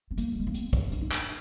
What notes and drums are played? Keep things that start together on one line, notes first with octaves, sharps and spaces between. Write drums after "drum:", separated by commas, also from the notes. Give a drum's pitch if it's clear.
C4
A#3, drum: hi-hat
G3
G#3
A#3
C4, drum: hi-hat
drum: kick, hi-hat
D4, drum: hi-hat
D#4
D4, drum: clap